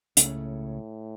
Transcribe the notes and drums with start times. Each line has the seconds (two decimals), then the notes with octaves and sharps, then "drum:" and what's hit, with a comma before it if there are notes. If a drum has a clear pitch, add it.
0.17 C#2 A2 C#3 A3 C#4, drum: hi-hat